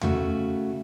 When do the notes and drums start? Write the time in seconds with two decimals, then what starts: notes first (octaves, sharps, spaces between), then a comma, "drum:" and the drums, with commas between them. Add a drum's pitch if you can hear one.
0.01 C#3 A3 F#4, drum: tom E2